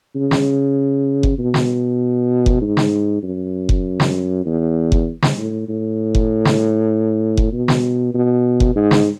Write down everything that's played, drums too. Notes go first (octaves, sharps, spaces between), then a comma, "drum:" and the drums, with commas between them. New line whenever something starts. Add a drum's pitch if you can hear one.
C#3
drum: snare
drum: kick F#1
B2
drum: snare
drum: kick F#1
G#2
drum: snare
F#2
drum: kick F#1
drum: snare
E2
drum: kick F#1
drum: snare
A2
A2
drum: kick F#1
drum: snare
drum: kick F#1
B2
drum: snare
B2
drum: kick F#1
G#2
drum: snare